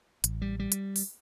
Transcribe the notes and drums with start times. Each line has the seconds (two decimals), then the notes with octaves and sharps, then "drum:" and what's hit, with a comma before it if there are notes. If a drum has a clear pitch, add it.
0.24 A1, drum: hi-hat
0.42 G3
0.59 G3
0.72 drum: hi-hat
0.96 drum: open hi-hat